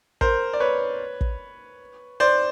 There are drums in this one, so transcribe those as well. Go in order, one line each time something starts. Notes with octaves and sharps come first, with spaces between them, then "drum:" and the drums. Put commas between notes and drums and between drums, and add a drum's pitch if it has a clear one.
A#4 C5, drum: kick
D5
B4 C#5
drum: kick
C5 D5